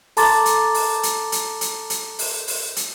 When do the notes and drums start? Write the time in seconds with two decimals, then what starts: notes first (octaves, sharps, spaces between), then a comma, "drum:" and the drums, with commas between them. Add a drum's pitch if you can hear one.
0.17 A4 A5 A#5 C6 D6 A6, drum: open hi-hat
0.46 drum: hi-hat
0.74 drum: open hi-hat
1.03 drum: hi-hat
1.32 drum: hi-hat
1.61 drum: hi-hat
1.90 drum: hi-hat
2.19 drum: open hi-hat
2.48 drum: open hi-hat
2.76 drum: hi-hat